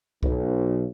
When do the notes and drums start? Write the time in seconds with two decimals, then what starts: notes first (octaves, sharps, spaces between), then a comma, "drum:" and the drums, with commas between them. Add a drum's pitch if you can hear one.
0.23 B1, drum: kick C2